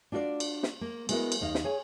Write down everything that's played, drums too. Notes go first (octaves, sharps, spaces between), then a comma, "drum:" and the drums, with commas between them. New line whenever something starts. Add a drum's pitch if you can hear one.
D4 F4 F#4 C5 D5
drum: cymbal
drum: snare
A#3
G#3 B3 E4 F#4 A#4, drum: cymbal
drum: cymbal
D#2 D#4 F5
drum: snare
G#4 C#5 G#5